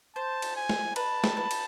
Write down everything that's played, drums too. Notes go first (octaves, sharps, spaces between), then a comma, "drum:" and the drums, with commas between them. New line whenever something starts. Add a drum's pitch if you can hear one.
C5 A5
drum: cymbal
G#5
drum: snare
B4 A5, drum: cymbal
drum: snare
B4
drum: cymbal